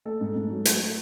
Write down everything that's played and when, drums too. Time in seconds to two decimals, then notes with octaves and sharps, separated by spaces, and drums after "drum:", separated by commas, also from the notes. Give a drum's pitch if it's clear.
0.05 A3 A4
0.21 G#2
0.36 G#2
0.50 F#3
0.65 A3, drum: hi-hat